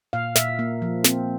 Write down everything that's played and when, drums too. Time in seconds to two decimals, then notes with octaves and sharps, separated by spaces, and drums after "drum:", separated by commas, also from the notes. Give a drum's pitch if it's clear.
0.13 A#2 F5
0.36 A#2 E5, drum: snare
0.59 A#3
0.82 F3
1.04 C4, drum: snare